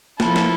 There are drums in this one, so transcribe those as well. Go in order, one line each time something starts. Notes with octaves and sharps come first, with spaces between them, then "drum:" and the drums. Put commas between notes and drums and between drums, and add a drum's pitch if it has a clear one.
F3 A#3 E4 A4, drum: snare
drum: snare